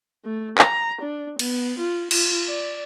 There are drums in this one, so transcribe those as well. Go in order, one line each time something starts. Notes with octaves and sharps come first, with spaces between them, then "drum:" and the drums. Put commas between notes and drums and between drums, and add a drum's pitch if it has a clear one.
A3
A#5, drum: clap
D4
B3, drum: cymbal
F4
F4, drum: cymbal
D5